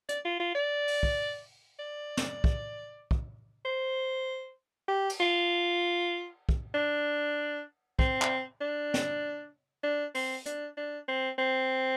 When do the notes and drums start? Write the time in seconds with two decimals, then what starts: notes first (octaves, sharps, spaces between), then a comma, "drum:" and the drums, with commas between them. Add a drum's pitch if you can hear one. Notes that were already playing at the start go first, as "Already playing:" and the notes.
0.09 D5, drum: hi-hat
0.25 F4
0.40 F4
0.55 D5
0.87 drum: open hi-hat
1.03 drum: kick
1.79 D5
2.17 drum: snare
2.44 drum: kick
3.11 drum: kick
3.65 C5
4.88 G4
5.10 drum: cymbal
5.20 F4
6.49 drum: kick
6.74 D4
7.99 C4, drum: kick
8.22 drum: clap
8.61 D4
8.94 drum: snare
9.84 D4
10.15 C4, drum: open hi-hat
10.46 D4, drum: hi-hat
10.77 D4
11.08 C4
11.39 C4